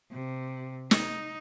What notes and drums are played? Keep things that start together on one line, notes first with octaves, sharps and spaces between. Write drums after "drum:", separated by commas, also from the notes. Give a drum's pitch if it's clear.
C3
D#4, drum: snare